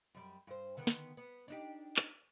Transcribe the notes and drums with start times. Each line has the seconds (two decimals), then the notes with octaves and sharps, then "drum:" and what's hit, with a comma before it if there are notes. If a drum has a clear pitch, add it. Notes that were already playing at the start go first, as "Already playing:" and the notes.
0.15 F#2 G3
0.47 G2 C5
0.77 D3 D#3 B3
0.87 drum: snare
1.17 B3
1.48 D4 D#4 G4
1.97 drum: clap